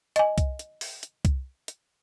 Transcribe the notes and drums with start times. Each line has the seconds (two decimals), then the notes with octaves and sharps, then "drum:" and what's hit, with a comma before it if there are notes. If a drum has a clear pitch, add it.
0.16 D#5 G#5, drum: hi-hat
0.38 drum: kick C2, hi-hat
0.59 drum: hi-hat
0.81 drum: open hi-hat
1.03 drum: hi-hat
1.25 drum: kick C2, hi-hat
1.68 drum: hi-hat